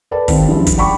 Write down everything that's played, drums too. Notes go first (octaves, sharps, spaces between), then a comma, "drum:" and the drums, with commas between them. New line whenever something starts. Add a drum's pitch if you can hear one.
A4 B4 D5 A5
D#2 D#3 C4, drum: kick, open hi-hat
G2 C#3 F3 G#3 E4
drum: kick, hi-hat
D5 F#5 G5 B5 C#6 D6